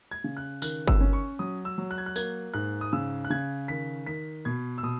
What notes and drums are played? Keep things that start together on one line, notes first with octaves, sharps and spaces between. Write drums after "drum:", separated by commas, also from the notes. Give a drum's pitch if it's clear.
G#6
C#3
F#6
D#3 F#6, drum: tambourine
E6, drum: kick G1
C#4
C#6
F#3 D#6
E6
F#3
F#6
G#6
F#6
A#3 G#6, drum: tambourine
G#2 F#6
D#6
C#3 E6
F#6
C#3 G#6
D#3 B6
D#3 B6
B2 G#6
E6
B2 D#6